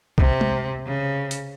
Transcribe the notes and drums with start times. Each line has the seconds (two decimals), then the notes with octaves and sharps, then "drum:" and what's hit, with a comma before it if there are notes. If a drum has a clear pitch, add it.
0.18 C3, drum: kick
0.41 drum: tom G#3
0.86 C#3
1.31 drum: hi-hat